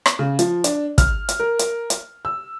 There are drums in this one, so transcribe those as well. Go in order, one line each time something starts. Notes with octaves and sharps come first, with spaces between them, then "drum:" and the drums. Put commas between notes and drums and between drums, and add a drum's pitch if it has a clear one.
drum: rim click
C#3
F3, drum: hi-hat
D4, drum: hi-hat
F6, drum: kick, hi-hat
drum: hi-hat
A#4
drum: hi-hat
drum: hi-hat
E6